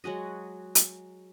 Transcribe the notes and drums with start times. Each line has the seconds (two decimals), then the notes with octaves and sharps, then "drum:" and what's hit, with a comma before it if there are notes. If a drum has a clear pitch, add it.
0.04 F#3 G#3 F#4 D#5
0.75 drum: hi-hat